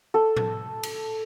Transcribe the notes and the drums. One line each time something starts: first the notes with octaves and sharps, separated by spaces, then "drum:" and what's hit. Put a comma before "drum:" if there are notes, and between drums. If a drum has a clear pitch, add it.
A4
drum: tom A2
drum: cymbal